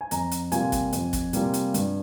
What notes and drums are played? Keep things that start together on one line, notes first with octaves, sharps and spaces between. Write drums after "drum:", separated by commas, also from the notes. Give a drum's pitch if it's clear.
G#5
F2 A#5, drum: hi-hat
drum: hi-hat
C3 G3 A#3 F4 G#5, drum: hi-hat
drum: kick, hi-hat
F2, drum: hi-hat
drum: kick, hi-hat
C3 G3 A#3 F4, drum: hi-hat
drum: hi-hat
G2, drum: hi-hat